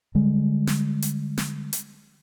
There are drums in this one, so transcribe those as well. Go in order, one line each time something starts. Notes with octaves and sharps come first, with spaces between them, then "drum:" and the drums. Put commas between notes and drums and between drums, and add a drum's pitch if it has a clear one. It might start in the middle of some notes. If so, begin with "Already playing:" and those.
D3 G3 G#3
drum: snare
drum: hi-hat
drum: snare
drum: hi-hat